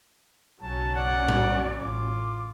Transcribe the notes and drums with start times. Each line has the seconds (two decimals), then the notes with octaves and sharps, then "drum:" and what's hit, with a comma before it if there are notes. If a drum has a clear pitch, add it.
0.62 F#1 B1 F#3 C#4 A5
0.95 D5 F#5
1.28 drum: tom A2
1.80 A1 F4 D6